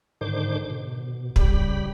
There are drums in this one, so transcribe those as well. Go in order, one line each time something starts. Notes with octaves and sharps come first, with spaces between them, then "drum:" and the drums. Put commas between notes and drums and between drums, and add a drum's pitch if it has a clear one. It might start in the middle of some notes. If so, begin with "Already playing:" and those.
G#2 D3 D#3 C5 D6
B2
C#3 G3 G4 B5, drum: kick